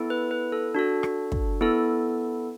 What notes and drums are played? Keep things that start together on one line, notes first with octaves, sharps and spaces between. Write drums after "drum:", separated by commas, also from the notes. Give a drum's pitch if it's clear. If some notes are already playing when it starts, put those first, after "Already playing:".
Already playing: B3 E4 A4
B4
B4
A4
D4 F#4 A4
drum: rim click
drum: kick
B3 E4 A4